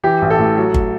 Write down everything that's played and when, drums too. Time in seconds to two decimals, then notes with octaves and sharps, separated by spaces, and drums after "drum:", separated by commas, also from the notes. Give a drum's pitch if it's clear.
0.03 E3 G4
0.22 A1
0.30 A4
0.39 A2
0.57 F#3
0.74 drum: kick G1